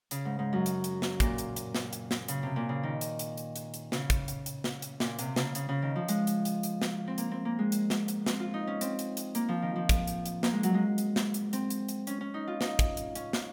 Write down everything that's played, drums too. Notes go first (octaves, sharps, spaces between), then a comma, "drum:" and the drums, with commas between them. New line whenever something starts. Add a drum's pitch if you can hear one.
C#3, drum: hi-hat
G#2
G#2
F#2
drum: hi-hat
drum: hi-hat
drum: snare
A#2, drum: kick, hi-hat
drum: hi-hat
drum: hi-hat
drum: snare
drum: hi-hat
drum: snare
C#3, drum: hi-hat
C3
A#2
C#3
D#3
drum: hi-hat
drum: hi-hat
drum: hi-hat
drum: hi-hat
drum: hi-hat
C#3, drum: snare
drum: kick, hi-hat
drum: hi-hat
drum: hi-hat
drum: snare
drum: hi-hat
A#2, drum: snare
C3, drum: hi-hat
C#3, drum: snare
C#3, drum: hi-hat
C#3
D#3
F3
G#3, drum: hi-hat
drum: hi-hat
drum: hi-hat
drum: hi-hat
drum: snare
C4
A#3, drum: hi-hat
C4
A#3
G#3
drum: hi-hat
drum: snare
drum: hi-hat
C4, drum: snare
F4
D#4
C#4
C4, drum: hi-hat
drum: hi-hat
drum: hi-hat
A#3, drum: hi-hat
F3
D#3
F3
drum: kick, hi-hat
drum: hi-hat
drum: hi-hat
A#3, drum: snare
G#3
F#3, drum: hi-hat
G#3
drum: hi-hat
drum: snare
drum: hi-hat
C4, drum: hi-hat
drum: hi-hat
drum: hi-hat
C#4, drum: hi-hat
C#4
D#4
F4
D#4, drum: snare
drum: kick, hi-hat
drum: hi-hat
C#4, drum: hi-hat
drum: snare